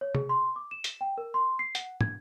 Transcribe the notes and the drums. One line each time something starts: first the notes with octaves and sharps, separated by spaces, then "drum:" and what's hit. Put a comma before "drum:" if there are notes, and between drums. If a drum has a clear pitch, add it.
C#5
G#4, drum: tom
C6
D6
E7
drum: hi-hat
G5
A#4
C6
C7
F#5, drum: hi-hat
G#6, drum: tom